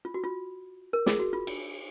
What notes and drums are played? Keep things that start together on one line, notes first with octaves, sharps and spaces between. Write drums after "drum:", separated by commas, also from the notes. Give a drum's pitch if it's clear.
F4
F#4
F4
A#4
G#4, drum: snare
F#4
F4
drum: cymbal